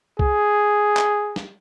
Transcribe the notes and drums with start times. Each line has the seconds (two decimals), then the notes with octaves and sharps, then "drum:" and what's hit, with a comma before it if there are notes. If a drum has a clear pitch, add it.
0.19 G#4, drum: kick C2
0.97 drum: clap
1.36 drum: snare